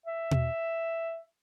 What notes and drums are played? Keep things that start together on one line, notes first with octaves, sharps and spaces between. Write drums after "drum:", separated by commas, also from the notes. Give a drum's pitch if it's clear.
E5
drum: tom B2